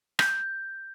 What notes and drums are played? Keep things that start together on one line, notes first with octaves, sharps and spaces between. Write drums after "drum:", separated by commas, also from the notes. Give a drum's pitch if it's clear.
G6, drum: rim click